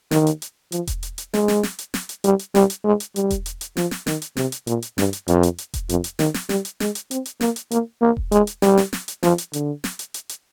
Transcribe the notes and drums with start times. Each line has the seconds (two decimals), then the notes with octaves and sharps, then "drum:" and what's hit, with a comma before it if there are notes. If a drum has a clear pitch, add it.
0.11 D#3, drum: snare
0.27 drum: hi-hat
0.42 drum: hi-hat
0.72 F3, drum: hi-hat
0.87 drum: kick E1, hi-hat
1.03 drum: hi-hat
1.18 drum: hi-hat
1.34 G#3, drum: snare
1.48 drum: snare
1.63 drum: snare
1.79 drum: hi-hat
1.94 drum: snare
2.09 drum: hi-hat
2.24 G3, drum: hi-hat
2.39 drum: hi-hat
2.55 G3, drum: snare
2.70 drum: hi-hat
2.84 G#3
3.00 drum: hi-hat
3.16 G3, drum: hi-hat
3.30 drum: kick E1, hi-hat
3.46 drum: hi-hat
3.61 drum: hi-hat
3.77 F3, drum: snare
3.91 drum: snare
4.07 D#3, drum: snare
4.22 drum: hi-hat
4.37 C3, drum: snare
4.52 drum: hi-hat
4.67 A#2, drum: hi-hat
4.82 drum: hi-hat
4.98 G2, drum: snare
5.13 drum: hi-hat
5.28 F2, drum: hi-hat
5.43 drum: hi-hat
5.58 drum: hi-hat
5.74 drum: kick E1, hi-hat
5.89 F2, drum: hi-hat
6.04 drum: hi-hat
6.19 D#3, drum: snare
6.34 drum: snare
6.49 G3, drum: snare
6.65 drum: hi-hat
6.80 G#3, drum: snare
6.95 drum: hi-hat
7.11 C4, drum: hi-hat
7.25 drum: hi-hat
7.41 A#3, drum: snare
7.56 drum: hi-hat
7.71 A#3, drum: hi-hat
8.02 A#3
8.17 drum: kick E1
8.32 G#3, drum: hi-hat
8.47 drum: hi-hat
8.62 G3, drum: snare
8.77 drum: snare
8.93 drum: snare
9.08 drum: hi-hat
9.23 F3, drum: snare
9.38 drum: hi-hat
9.53 D3, drum: hi-hat
9.84 drum: snare
9.99 drum: hi-hat
10.14 drum: hi-hat
10.29 drum: hi-hat